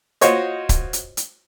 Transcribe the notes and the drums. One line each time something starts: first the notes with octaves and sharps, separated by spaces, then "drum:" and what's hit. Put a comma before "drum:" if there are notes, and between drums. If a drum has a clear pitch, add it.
F4 F#4 C5 C#5 D#5, drum: hi-hat
drum: kick C#1, hi-hat
drum: hi-hat
drum: hi-hat